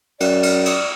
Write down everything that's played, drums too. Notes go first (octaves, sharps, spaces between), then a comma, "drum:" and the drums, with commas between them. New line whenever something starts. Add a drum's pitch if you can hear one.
F#2 D5, drum: cymbal
drum: cymbal
drum: cymbal